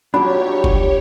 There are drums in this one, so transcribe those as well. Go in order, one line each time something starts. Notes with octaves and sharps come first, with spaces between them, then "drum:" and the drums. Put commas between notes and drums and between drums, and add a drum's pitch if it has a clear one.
F#3 D4 F4 G4 C#5 D5 B5
drum: kick